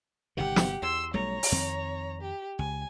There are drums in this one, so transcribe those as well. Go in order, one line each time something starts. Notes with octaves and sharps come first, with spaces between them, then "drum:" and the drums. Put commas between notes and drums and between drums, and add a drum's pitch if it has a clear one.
G1 C3 D#3 G4 F#5
drum: snare
E2 C6 E6
B1 G3 A3 C#5 A#5
drum: open hi-hat
F2 D#3 C4
G4
C#2 G#5